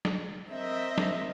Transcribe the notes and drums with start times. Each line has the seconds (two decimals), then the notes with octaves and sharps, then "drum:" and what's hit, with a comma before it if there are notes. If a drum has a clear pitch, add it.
0.05 drum: snare
0.51 C4 A#4 D#5 E5
0.98 drum: snare